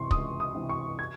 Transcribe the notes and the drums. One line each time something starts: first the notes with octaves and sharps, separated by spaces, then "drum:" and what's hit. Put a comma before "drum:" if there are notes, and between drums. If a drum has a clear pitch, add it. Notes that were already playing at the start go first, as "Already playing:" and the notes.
Already playing: C#2 C3 E3 C6 C#6
C#2 D#6, drum: kick
D#6
C3 E3
C#6
G#6